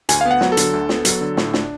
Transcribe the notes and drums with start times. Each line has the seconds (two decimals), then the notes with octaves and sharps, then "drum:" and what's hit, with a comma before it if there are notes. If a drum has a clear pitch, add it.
0.09 D2 G#5, drum: hi-hat
0.21 F5
0.25 B3
0.31 F#5
0.41 F#3, drum: snare
0.52 A4
0.57 D3, drum: hi-hat
0.73 D2
0.89 B3, drum: snare
1.05 F#3, drum: hi-hat
1.21 D3
1.37 A2, drum: snare
1.53 D4, drum: snare